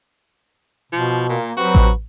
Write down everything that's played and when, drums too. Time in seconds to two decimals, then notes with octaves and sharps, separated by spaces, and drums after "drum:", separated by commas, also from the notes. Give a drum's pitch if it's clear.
0.92 B2 F3
1.28 A#2 A#3
1.57 F#3 C4 F#4 G4 B4
1.75 drum: kick A1